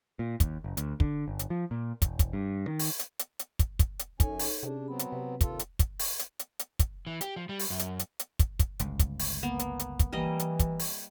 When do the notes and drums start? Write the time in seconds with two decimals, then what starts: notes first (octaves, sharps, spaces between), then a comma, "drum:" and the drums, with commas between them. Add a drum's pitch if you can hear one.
0.19 A#2
0.40 D#2, drum: kick, hi-hat
0.64 F#1
0.77 D2, drum: hi-hat
1.00 D3, drum: kick
1.28 G1
1.39 drum: hi-hat
1.50 F3
1.71 A#2
2.02 E1, drum: kick, hi-hat
2.19 drum: kick, hi-hat
2.33 G2
2.68 D#3
2.79 drum: open hi-hat
2.99 drum: hi-hat
3.19 drum: hi-hat
3.39 drum: hi-hat
3.59 drum: kick, hi-hat
3.79 drum: kick, hi-hat
3.99 drum: hi-hat
4.20 F#2 C#4 D#4 A4 C#5 G#5, drum: kick, hi-hat
4.39 drum: open hi-hat
4.63 C3 C#4 D4 G4 G#4
4.88 F#3 B3 C4 B5
4.99 drum: hi-hat
5.12 C3 B4
5.41 D#2 F4 A4, drum: kick, hi-hat
5.59 drum: hi-hat
5.79 drum: kick, hi-hat
5.99 drum: open hi-hat
6.19 drum: hi-hat
6.39 drum: hi-hat
6.59 drum: hi-hat
6.79 drum: kick, hi-hat
7.07 E3
7.21 G4, drum: hi-hat
7.36 F3
7.49 G3
7.59 drum: open hi-hat
7.70 F#2
7.79 drum: hi-hat
7.99 drum: hi-hat
8.19 drum: hi-hat
8.39 drum: kick, hi-hat
8.59 drum: kick, hi-hat
8.79 G1 C#2, drum: hi-hat
8.99 drum: kick, hi-hat
9.19 drum: open hi-hat
9.43 A#3 B3
9.59 drum: hi-hat
9.79 drum: hi-hat
9.99 drum: kick, hi-hat
10.12 E3 G3 A#3 D#5
10.39 drum: hi-hat
10.59 drum: kick, hi-hat
10.79 drum: open hi-hat